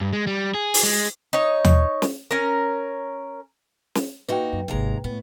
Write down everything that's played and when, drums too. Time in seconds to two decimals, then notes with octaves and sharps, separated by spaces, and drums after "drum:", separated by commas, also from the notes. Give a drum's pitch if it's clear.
0.01 G2
0.13 G#3
0.27 G3
0.55 G#4
0.74 drum: open hi-hat
0.83 G#3
1.33 D#4 C#5
1.64 drum: tom D#2
2.02 drum: snare
2.31 C#4 A#4
3.95 drum: snare
4.28 A#2 D#4 F#4 B4 G5
4.53 F#2
4.68 G#1 D#2 C3 G#3 A#5
5.04 A2 B3